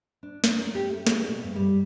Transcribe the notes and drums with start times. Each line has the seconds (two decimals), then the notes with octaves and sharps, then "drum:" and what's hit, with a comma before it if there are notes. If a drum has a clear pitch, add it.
0.23 D4
0.44 C#4, drum: snare
0.61 A#4
0.75 G4
0.90 A3
1.07 G#4, drum: snare
1.28 B2
1.43 G2
1.56 G3